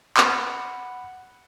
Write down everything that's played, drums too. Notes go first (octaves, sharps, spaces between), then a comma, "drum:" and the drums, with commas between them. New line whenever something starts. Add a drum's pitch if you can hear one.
F#5 B5, drum: clap